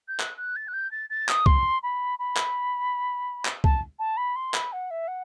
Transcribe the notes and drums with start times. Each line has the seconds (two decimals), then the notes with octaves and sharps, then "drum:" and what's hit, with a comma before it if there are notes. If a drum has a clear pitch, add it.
0.08 G6
0.20 F#6, drum: clap
0.37 F#6
0.56 A6
0.68 F#6
0.73 G6
0.91 A6
1.10 A6
1.29 D#6, drum: clap
1.46 C6, drum: kick
1.83 B5
2.19 B5
2.37 drum: clap
3.45 drum: clap
3.64 A5, drum: kick
3.99 A5
4.17 B5
4.36 C6
4.54 B5, drum: clap
4.72 F#5
4.91 E5
5.08 F#5